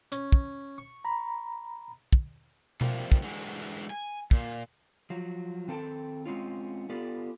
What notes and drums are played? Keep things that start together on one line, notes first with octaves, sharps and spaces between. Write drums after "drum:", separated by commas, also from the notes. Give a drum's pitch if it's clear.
C#4, drum: hi-hat
drum: kick
C#6
A#5 B5
drum: kick
C3 F3 G3 A#3, drum: tom B2
drum: kick
D3 E3 F#3 G#3
G#5
A#2, drum: kick
F3 F#3
D#3 C4 A4 C5 G5 A5
G#3 C4 C#4 F4
B3 F4 G4 A4 D5